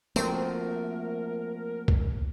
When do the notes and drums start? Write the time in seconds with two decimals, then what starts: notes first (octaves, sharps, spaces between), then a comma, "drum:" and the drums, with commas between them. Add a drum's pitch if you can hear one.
0.16 F3 A3 A#3 C4 F#4 A#4, drum: tambourine
1.88 drum: kick C2